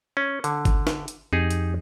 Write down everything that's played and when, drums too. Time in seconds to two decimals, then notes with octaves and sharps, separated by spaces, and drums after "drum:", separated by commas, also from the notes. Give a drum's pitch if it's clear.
0.17 C#4
0.44 D3, drum: hi-hat
0.65 drum: kick G1, hi-hat
0.87 drum: snare
1.08 drum: hi-hat
1.33 F2 D#4 G4 G#4
1.51 drum: hi-hat